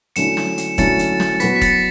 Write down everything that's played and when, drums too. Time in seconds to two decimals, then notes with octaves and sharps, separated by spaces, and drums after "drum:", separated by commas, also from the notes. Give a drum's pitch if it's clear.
0.16 D3 F#3 A3 C#4 E4 C#7 E7, drum: hi-hat
0.37 drum: snare
0.58 drum: hi-hat
0.78 D3 F#3 A3 C#4 E4 A6 C#7, drum: kick E1, hi-hat
0.99 drum: hi-hat
1.20 drum: snare
1.40 F#3 B3 F#4 B4 B6, drum: hi-hat
1.56 B6
1.61 A6 C#7, drum: kick E1, hi-hat